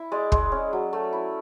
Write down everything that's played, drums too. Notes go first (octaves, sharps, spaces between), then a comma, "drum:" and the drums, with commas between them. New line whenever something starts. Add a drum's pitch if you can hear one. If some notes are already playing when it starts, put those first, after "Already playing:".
Already playing: E4 E5
G#3 D5
G#3, drum: kick
C#4
F#3
A3
E4